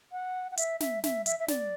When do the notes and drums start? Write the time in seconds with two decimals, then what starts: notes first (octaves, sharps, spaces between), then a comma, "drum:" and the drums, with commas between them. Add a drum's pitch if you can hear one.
0.12 F#5
0.51 F#5
0.57 E5, drum: hi-hat
0.80 E5, drum: snare
1.04 E5, drum: snare
1.26 E5, drum: hi-hat
1.40 E5
1.48 D5, drum: snare